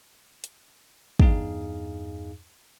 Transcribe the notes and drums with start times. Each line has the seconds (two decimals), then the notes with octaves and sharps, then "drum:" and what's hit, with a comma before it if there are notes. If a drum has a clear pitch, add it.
0.44 drum: hi-hat
1.20 E2 G2 D#4 G#4 F5, drum: kick